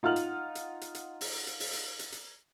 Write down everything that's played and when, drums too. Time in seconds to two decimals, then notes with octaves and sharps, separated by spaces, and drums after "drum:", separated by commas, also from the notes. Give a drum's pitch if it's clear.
0.03 D#4 F4 F#5 F6 F#7
0.16 drum: hi-hat
0.55 drum: hi-hat
0.81 drum: hi-hat
0.95 drum: hi-hat
1.21 drum: open hi-hat
1.47 drum: hi-hat
1.60 drum: open hi-hat
1.73 drum: hi-hat
1.99 drum: hi-hat
2.12 drum: hi-hat